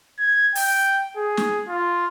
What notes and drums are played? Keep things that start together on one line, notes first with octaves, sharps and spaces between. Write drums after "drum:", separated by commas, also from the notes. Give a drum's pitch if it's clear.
G#6
G5, drum: open hi-hat
G#4
drum: snare
F4